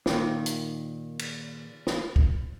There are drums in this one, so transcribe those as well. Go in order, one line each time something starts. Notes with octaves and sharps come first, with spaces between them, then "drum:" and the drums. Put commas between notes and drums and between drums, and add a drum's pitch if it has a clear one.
A#2 D#3, drum: snare
drum: hi-hat
drum: cymbal
drum: snare
drum: kick